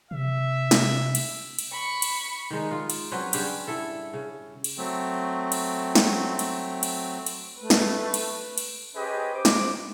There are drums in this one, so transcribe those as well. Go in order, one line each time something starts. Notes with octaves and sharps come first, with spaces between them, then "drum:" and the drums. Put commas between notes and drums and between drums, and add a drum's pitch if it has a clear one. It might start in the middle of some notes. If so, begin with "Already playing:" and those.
C3 E5
drum: snare
drum: cymbal
drum: cymbal
B5 C#6
drum: cymbal
D#3 G#3 D#4
F4
drum: cymbal
F#3 C4 C#4 B4
G2 C#3 G3 G4, drum: cymbal
E4 A4 E5
C#3
drum: cymbal
F#3 A3 C4
drum: cymbal
drum: snare
drum: cymbal
drum: cymbal
drum: cymbal
A3 B4
drum: snare
drum: cymbal
drum: cymbal
C#4 G4 G#4 B4 C5 D#5
C5 D6
drum: snare